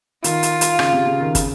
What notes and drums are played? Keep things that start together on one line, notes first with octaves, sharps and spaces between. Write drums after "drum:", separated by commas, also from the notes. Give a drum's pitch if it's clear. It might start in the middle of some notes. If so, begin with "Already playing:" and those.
D#3 F4, drum: hi-hat
drum: hi-hat
drum: hi-hat
C#3, drum: rim click
C3
C#3
D#3
C#3, drum: kick, hi-hat